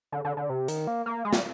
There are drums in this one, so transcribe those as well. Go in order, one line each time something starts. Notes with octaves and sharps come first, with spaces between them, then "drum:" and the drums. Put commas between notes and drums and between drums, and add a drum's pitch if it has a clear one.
D3
D3
D3
C3
D#3, drum: hi-hat
A#3
A#3
G#3
G3, drum: snare